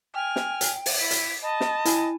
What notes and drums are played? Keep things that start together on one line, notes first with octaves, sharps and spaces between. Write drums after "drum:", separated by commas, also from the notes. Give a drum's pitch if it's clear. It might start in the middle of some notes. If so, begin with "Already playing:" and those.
G5 G#5 F6
drum: snare
drum: hi-hat
drum: open hi-hat
E4 B6
drum: hi-hat
D#5 A5 B5
drum: snare
E4 G5 G#5, drum: hi-hat